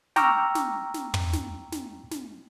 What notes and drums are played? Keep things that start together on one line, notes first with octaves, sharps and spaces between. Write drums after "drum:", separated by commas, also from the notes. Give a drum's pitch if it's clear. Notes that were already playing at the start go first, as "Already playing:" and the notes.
G5 A#5 C#6 D6 E6 F6, drum: snare
drum: snare
drum: snare
drum: tom
drum: snare
drum: snare
drum: snare